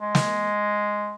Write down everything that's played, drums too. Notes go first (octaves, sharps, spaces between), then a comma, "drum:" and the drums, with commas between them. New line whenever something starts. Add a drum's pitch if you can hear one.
G#3
drum: snare